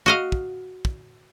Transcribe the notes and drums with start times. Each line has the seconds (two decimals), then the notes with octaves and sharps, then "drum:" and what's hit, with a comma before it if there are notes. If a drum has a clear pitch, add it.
0.06 F#4 D#5 F5
0.32 drum: kick
0.85 drum: kick